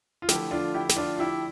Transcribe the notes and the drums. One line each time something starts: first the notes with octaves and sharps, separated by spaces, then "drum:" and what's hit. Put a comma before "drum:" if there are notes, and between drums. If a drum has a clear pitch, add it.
F4
D3 F3 A3 E4 G4, drum: snare
D4 F4
E4 G4
G4, drum: snare
D4 F4
F4
E4 G4